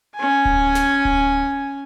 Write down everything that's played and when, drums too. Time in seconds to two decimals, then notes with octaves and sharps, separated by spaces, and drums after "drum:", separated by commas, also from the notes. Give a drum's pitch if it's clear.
0.15 C#4 G#5
0.45 drum: kick D1
0.75 drum: snare
1.05 drum: kick D1